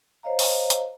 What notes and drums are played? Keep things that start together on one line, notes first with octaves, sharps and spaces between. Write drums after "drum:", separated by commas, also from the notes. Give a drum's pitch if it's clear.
C5 C#5 D#5 F5 A#5
drum: open hi-hat
drum: hi-hat